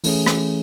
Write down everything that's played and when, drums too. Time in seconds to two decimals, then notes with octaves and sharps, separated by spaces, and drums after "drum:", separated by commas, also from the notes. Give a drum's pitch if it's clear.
0.04 E3 A3 C#4 E4 G#4, drum: open hi-hat
0.26 drum: rim click